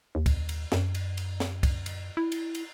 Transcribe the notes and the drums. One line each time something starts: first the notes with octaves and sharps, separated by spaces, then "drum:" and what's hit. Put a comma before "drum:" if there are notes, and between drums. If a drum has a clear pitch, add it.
D#2
drum: kick C2, cymbal
drum: cymbal
F#2, drum: snare
drum: cymbal
drum: cymbal
drum: snare
drum: kick C2, cymbal
drum: cymbal
E4
drum: cymbal
drum: cymbal